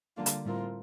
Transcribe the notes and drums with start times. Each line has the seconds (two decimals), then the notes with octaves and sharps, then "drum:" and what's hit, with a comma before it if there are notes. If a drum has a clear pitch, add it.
0.16 D3 G3 A#3 D4 F4
0.26 drum: hi-hat
0.45 A2 G3 C4 F4 A#4